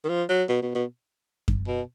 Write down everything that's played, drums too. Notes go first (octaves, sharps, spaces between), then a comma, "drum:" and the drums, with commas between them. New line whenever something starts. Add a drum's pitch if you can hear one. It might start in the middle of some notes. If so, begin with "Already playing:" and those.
D#3
F3
F#3
B2
B2
B2
drum: kick F#2
B2